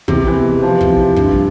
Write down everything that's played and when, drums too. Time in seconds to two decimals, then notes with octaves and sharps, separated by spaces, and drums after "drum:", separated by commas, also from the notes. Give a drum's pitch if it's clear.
0.08 E2 C3, drum: kick
0.27 E3
0.36 B2
0.63 C3 F3
0.81 drum: kick
0.90 E3
1.16 G2, drum: kick